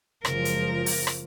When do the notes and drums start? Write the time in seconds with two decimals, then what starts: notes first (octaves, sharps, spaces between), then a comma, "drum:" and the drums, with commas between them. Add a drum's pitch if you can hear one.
0.25 F#1 F3 G#3 A#4, drum: rim click
0.45 drum: hi-hat
0.86 drum: open hi-hat
1.07 drum: rim click